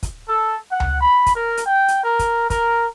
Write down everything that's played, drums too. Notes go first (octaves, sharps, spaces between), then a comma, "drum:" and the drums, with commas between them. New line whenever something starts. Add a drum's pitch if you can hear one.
drum: kick, hi-hat
A4
F#5
drum: tom C#2
B5
drum: kick, hi-hat
A#4
drum: hi-hat
G5
drum: hi-hat
A#4
drum: kick, hi-hat
A#4, drum: kick, hi-hat